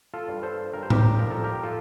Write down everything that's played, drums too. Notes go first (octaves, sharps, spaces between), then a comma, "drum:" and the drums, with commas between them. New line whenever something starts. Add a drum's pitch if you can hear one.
F4 A4
G2
A4 C5
G2 A#4
C5
G4 A#4, drum: tom A2
F3 A#4
A4
G4 A#4
F4 A4